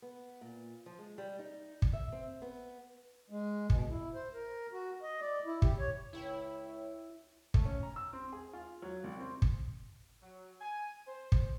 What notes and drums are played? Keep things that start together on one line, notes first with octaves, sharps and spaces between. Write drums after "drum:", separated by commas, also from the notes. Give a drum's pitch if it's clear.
B3
A#2
F3
G#3
G3
D#4
drum: kick
E5
C4
B3
G#3
B2, drum: kick
E4
C5
A#4
F#4
D#5
D5
E4
G4, drum: kick
C#5
C#2 E4 C#5 G5
A3, drum: kick
C#4
A#5
E6
C4
G#4
F4
F#3
C2
C4
drum: kick
F#3
G#5
C5
drum: kick